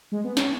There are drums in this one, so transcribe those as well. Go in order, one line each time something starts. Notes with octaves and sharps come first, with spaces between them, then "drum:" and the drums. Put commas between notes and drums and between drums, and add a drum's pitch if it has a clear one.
G#3
B3
C#4, drum: snare